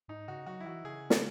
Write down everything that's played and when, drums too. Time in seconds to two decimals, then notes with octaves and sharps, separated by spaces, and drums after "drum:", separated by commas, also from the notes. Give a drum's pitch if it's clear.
0.08 G#2 D#4
0.28 C#3 F#4
0.46 F#3 F#4
0.60 E4
0.65 E3 F#4
0.84 C#3 G#4
1.10 drum: snare